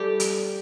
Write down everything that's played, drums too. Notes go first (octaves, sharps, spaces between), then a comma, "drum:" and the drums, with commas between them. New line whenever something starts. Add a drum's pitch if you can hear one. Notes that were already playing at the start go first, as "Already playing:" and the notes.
Already playing: G3 G4 A4
drum: hi-hat